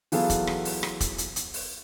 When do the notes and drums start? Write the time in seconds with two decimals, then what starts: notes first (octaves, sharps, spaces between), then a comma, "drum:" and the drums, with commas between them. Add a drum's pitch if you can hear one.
0.12 E3 F#3 B3 F4 G#4 A4, drum: open hi-hat
0.30 drum: kick E1, hi-hat
0.47 drum: rim click
0.65 drum: open hi-hat
0.83 drum: rim click
1.01 drum: kick E1, hi-hat
1.18 drum: hi-hat
1.36 drum: hi-hat
1.54 drum: open hi-hat